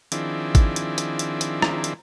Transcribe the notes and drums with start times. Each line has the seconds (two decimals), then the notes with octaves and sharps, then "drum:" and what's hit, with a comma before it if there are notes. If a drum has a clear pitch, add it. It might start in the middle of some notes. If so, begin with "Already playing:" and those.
0.12 D#3 F3 C4 D4 E4 G#4, drum: hi-hat
0.55 drum: kick G#1, hi-hat
0.76 drum: hi-hat
0.98 drum: hi-hat
1.19 drum: hi-hat
1.41 drum: hi-hat
1.62 drum: rim click
1.84 drum: hi-hat